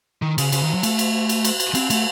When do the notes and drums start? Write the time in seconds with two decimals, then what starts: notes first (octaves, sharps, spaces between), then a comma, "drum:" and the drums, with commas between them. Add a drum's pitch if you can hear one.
0.22 D#3
0.38 C#3, drum: cymbal
0.52 C#3, drum: cymbal
0.63 D#3
0.74 F#3
0.83 A3, drum: cymbal
0.99 drum: cymbal
1.29 drum: cymbal
1.45 drum: cymbal
1.60 drum: cymbal
1.75 C4, drum: cymbal
1.90 A3, drum: cymbal